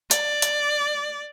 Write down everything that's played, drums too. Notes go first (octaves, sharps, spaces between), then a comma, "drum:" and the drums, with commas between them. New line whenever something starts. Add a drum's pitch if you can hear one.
D5, drum: hi-hat
drum: hi-hat